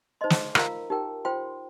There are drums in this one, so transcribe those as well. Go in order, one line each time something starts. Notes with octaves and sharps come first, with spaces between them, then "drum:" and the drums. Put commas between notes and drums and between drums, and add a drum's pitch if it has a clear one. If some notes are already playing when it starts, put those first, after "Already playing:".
D#4 C5 D#5 C6
drum: snare
F4 A#4 F5 A#5, drum: rim click
D#4 G4 A#4 G5
F4 C5 G5 C6